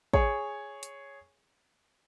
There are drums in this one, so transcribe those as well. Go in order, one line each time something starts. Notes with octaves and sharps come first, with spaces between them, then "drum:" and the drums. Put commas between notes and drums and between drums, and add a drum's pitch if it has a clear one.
G#4 C#5, drum: kick
drum: hi-hat